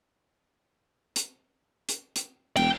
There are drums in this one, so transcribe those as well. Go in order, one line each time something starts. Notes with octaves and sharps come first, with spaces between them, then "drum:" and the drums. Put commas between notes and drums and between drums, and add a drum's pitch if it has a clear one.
drum: hi-hat
drum: hi-hat
drum: hi-hat
E1 G5, drum: cymbal